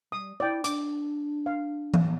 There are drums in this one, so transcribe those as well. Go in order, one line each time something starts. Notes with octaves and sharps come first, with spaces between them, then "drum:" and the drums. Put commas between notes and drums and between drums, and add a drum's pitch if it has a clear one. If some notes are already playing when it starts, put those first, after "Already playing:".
G3 D#6
E4 D5 G5
D4 D6, drum: hi-hat
F5
drum: tom E3